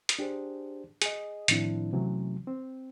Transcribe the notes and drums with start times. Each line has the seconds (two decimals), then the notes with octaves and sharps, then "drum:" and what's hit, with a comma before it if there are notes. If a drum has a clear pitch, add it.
0.09 drum: hi-hat
0.19 D4 G4 G#4 C5
1.02 G#4 D#5, drum: hi-hat
1.48 A2 D#3 F3 C4 D4 E4, drum: hi-hat
1.93 C3 E3 F#3 A3 C#4
2.47 C4